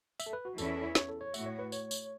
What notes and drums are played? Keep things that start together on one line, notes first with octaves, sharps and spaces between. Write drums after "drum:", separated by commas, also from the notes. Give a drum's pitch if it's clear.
E5, drum: tambourine
A4
B4
F#4
E2 E3 C#4 E4 A4, drum: tambourine
A4
E5
C#5, drum: snare
A4
C#5
A2 A3 F#4 E5, drum: tambourine
C#5
B4
C#5, drum: tambourine
drum: tambourine